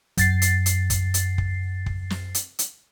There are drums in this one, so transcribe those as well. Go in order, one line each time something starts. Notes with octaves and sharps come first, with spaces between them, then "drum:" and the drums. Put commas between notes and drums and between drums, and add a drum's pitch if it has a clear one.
F#2 A6 C7, drum: kick, hi-hat
drum: hi-hat
drum: hi-hat
drum: kick, hi-hat
drum: hi-hat
drum: kick
drum: kick
drum: snare
drum: hi-hat
drum: hi-hat